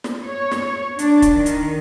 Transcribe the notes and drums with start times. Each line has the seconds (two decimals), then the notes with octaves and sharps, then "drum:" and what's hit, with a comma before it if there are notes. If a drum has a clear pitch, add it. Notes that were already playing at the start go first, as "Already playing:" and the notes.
0.04 drum: snare
0.24 C#5
0.51 drum: snare
0.99 D4, drum: hi-hat
1.22 drum: kick, hi-hat
1.34 D#3
1.46 drum: hi-hat